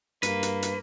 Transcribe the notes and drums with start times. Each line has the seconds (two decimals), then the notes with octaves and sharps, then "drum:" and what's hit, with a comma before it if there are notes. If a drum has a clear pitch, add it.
0.23 G2 A#3 B4, drum: hi-hat
0.43 drum: hi-hat
0.62 drum: hi-hat